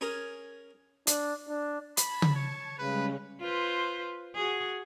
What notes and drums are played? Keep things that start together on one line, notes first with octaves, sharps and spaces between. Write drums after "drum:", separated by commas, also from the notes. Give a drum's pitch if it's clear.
C#4 G#4 A#4
D4, drum: hi-hat
D4
A5 B5 G#6, drum: hi-hat
drum: tom C#3
C#5
C#3 G3 G#3 C#4 B4
F4 B4 C5
F#4 G#4